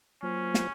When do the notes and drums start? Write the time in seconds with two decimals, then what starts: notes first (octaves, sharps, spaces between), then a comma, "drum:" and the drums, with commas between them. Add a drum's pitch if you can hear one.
0.22 F#3 A#3 C#4 F4 C5
0.54 drum: snare